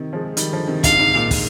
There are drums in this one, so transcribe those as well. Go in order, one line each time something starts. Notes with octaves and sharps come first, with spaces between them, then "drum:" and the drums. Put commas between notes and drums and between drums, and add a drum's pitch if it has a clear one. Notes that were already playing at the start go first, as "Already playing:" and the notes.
Already playing: C3 D#3
F3 G#3
D#3 G3, drum: hi-hat
D3 F3
C3 D#3
G#2 C3 F5, drum: kick, hi-hat
G#2
A#2
A#2, drum: kick, open hi-hat